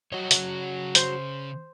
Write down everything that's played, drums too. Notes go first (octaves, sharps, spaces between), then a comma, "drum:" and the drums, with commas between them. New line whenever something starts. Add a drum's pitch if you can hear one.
G3 F#4 C#5 D#5
C#3 F#5, drum: hi-hat
C5, drum: hi-hat